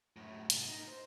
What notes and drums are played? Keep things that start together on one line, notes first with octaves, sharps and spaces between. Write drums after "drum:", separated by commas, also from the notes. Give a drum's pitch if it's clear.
F#2 A2
C2 G#2, drum: hi-hat
A#3 D#4
C5